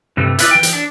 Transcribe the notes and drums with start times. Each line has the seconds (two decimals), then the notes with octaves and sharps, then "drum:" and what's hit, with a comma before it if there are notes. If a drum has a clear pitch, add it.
0.17 G2 C3 G3 A3
0.39 E4 F4 B4 C#5 D5, drum: hi-hat
0.51 E3 G5
0.63 drum: hi-hat
0.73 D4